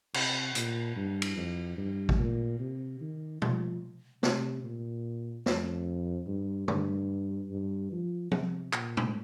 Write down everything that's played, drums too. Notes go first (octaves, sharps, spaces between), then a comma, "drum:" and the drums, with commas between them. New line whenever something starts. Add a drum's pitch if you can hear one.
C3, drum: cymbal
A#2, drum: hi-hat
G2
drum: cymbal
F2
G2
drum: kick
A#2
C3
D#3
F3, drum: tom B2
C3, drum: snare
A#2
F2, drum: snare
G2
G2, drum: tom
G2
F3
C3, drum: tom F3
A#2, drum: clap
drum: tom A2